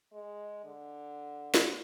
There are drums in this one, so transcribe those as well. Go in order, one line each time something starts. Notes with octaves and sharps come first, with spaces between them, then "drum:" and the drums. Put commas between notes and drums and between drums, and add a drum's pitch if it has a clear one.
G#3
D3
drum: snare